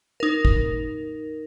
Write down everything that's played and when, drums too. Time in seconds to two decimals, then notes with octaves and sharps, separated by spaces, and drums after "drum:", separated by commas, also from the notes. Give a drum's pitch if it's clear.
0.20 D#4 A#4
0.45 drum: kick